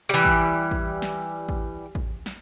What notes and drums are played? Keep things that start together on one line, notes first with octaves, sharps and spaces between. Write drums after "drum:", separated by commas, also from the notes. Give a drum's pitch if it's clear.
E3 G3
drum: kick A1
drum: kick A1
drum: snare
drum: kick A1
drum: kick A1
drum: snare